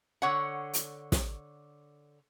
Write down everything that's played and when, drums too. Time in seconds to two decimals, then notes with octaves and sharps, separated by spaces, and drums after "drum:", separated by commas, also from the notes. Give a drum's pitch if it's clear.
0.22 D3 C#5 F#5
0.74 drum: hi-hat
1.12 drum: snare